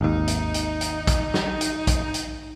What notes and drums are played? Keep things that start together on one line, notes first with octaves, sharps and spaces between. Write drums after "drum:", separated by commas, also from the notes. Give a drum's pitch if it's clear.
G#1 D#2 D#4
drum: hi-hat
drum: hi-hat
drum: hi-hat
drum: kick, hi-hat
drum: snare
drum: hi-hat
drum: kick, hi-hat
drum: hi-hat